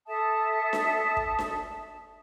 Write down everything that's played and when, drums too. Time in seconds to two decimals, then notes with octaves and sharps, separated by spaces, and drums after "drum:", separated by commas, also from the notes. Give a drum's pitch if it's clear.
0.07 A4 E5 A5 D#6
0.73 drum: snare D4
1.17 drum: kick
1.39 drum: snare D4